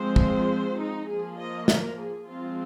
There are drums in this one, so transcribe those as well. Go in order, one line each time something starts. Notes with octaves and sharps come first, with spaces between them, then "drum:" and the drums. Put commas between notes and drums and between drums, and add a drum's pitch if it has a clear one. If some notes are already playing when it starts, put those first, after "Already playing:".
Already playing: F3 G#3 C4 C5
drum: kick
D#4
F3 A#3 G#4
D#5
A#4, drum: snare
G#4
F3 G#3 C4 F4